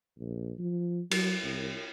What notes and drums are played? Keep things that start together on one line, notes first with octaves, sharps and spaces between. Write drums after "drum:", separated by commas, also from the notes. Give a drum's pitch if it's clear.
A#1
F3
F#3, drum: cymbal
C2